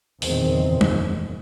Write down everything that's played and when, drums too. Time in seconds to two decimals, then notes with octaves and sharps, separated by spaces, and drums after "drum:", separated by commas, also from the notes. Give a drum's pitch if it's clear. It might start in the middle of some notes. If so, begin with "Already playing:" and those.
0.22 F#1 E2 A#2 D#3 C4, drum: open hi-hat
0.81 drum: tom